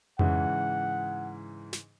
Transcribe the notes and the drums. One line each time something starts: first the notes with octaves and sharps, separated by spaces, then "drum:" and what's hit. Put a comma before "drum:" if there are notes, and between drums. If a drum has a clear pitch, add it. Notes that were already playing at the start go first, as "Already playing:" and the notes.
G#2 C#3 E3 F#5, drum: tom F2
drum: snare